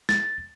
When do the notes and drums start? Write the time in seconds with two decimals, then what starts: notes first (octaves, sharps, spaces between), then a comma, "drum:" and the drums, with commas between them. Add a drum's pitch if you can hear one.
0.09 A6, drum: snare